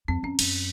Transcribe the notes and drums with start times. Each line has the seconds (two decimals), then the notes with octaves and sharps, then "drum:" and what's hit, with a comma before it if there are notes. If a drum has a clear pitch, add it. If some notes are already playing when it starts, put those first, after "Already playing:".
0.08 F2 C4
0.23 F2 C#4
0.39 F#2, drum: cymbal